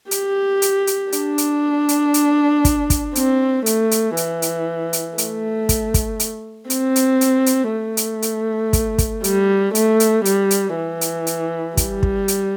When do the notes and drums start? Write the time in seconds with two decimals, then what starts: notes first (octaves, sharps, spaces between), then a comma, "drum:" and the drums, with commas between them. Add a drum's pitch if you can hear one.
0.11 G4, drum: hi-hat
0.62 drum: hi-hat
0.87 drum: hi-hat
1.12 D4, drum: hi-hat
1.38 drum: hi-hat
1.89 drum: hi-hat
2.14 drum: hi-hat
2.65 drum: kick, hi-hat
2.90 drum: kick, hi-hat
3.15 C4, drum: hi-hat
3.66 A3, drum: hi-hat
3.91 drum: hi-hat
4.17 E3, drum: hi-hat
4.42 drum: hi-hat
4.93 drum: hi-hat
5.18 A3, drum: hi-hat
5.69 drum: kick, hi-hat
5.94 drum: kick, hi-hat
6.20 drum: hi-hat
6.70 C4, drum: hi-hat
6.96 drum: hi-hat
7.21 drum: hi-hat
7.46 drum: hi-hat
7.72 A3
7.97 drum: hi-hat
8.22 drum: hi-hat
8.73 drum: kick, hi-hat
8.98 drum: kick, hi-hat
9.24 G3, drum: hi-hat
9.75 A3, drum: hi-hat
10.00 drum: hi-hat
10.25 G3, drum: hi-hat
10.51 drum: hi-hat
10.76 E3
11.01 drum: hi-hat
11.27 drum: hi-hat
11.77 G3, drum: kick, hi-hat
12.03 drum: kick
12.28 drum: hi-hat